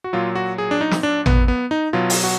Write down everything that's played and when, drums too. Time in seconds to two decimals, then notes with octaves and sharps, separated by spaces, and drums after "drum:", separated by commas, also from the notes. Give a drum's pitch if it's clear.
0.04 F#4
0.13 A#2 F#3 F4
0.35 F#4
0.58 G#4
0.71 D4
0.81 D#4
0.91 drum: snare
1.03 D4
1.26 B3, drum: tom
1.48 B3
1.71 D#4
1.93 B2 F#3 F4
2.10 drum: open hi-hat
2.23 F#4